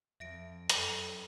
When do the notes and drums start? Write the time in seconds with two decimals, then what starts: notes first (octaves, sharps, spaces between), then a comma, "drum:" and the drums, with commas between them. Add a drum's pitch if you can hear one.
0.20 F2 E5 A#6 D7
0.70 F#2 A4 G5, drum: hi-hat